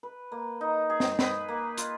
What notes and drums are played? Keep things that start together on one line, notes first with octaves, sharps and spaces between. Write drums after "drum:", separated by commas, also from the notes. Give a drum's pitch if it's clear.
B4
A#3
D#4
G#4
drum: snare
B4, drum: snare
A#3
F4, drum: hi-hat